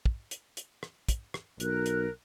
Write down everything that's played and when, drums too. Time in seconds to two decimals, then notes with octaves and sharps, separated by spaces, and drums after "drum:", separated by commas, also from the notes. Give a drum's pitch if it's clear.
0.06 drum: kick
0.31 drum: hi-hat
0.57 drum: hi-hat
0.83 drum: rim click
1.08 drum: kick, hi-hat
1.34 drum: rim click
1.60 B1 A#4 F#6, drum: hi-hat
1.86 drum: hi-hat